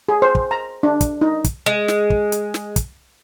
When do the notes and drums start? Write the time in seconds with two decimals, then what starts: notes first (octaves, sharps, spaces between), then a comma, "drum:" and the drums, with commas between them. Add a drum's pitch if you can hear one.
0.09 G#4
0.22 C5
0.35 drum: kick
0.51 A#5
0.83 D4
1.01 drum: kick, hi-hat
1.21 D#4
1.44 drum: kick, hi-hat
1.66 G#3
1.88 drum: snare
2.10 drum: kick
2.32 drum: hi-hat
2.54 drum: snare
2.76 drum: kick, hi-hat